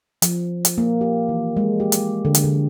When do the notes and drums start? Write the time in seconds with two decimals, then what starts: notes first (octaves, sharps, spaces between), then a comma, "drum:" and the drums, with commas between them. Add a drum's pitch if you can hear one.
0.22 F3, drum: hi-hat
0.65 drum: hi-hat
0.78 A#3
1.01 G4
1.29 E3
1.57 G#3
1.80 G4
1.92 drum: hi-hat
2.25 D3
2.35 drum: hi-hat
2.44 D3